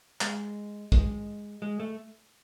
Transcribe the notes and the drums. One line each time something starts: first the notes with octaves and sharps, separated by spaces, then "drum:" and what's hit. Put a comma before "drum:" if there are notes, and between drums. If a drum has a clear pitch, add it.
G#3, drum: clap
G#3, drum: kick
G#3
A3